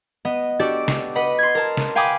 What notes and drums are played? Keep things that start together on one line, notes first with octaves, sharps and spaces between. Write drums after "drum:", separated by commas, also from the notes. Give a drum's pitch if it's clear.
B3 D#5
D4 F#4 G4 A4 D5
drum: snare
B4 D#5 F#5 B5
C6 G#6
A#4 A5
drum: snare
F5 G5 G#5 B5 D6 D#6